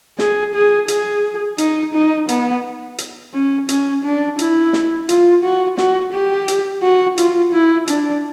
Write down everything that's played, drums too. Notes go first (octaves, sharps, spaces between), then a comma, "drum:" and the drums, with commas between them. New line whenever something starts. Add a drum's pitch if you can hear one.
G#4, drum: snare
G#4
G#4, drum: hi-hat
D#4, drum: hi-hat
D#4
B3, drum: hi-hat
drum: hi-hat
C#4
C#4, drum: hi-hat
D4
E4, drum: hi-hat
drum: snare
F4, drum: hi-hat
F#4
F#4, drum: snare
G4
drum: hi-hat
F#4
F4, drum: hi-hat
E4
D4, drum: hi-hat